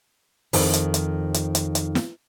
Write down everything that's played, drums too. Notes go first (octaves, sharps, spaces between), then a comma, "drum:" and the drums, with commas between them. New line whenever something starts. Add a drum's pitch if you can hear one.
F2 D#3, drum: open hi-hat
drum: hi-hat
drum: hi-hat
drum: hi-hat
drum: hi-hat
drum: hi-hat
drum: snare